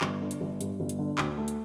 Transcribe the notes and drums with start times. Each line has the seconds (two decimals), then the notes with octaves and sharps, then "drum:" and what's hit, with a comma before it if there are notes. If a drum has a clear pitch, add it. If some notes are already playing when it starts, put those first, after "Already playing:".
0.01 G1, drum: clap
0.21 D3
0.31 drum: hi-hat
0.41 G1
0.61 G2, drum: hi-hat
0.80 G1
0.89 drum: hi-hat
0.99 D3
1.18 D2, drum: clap
1.38 A3
1.48 drum: hi-hat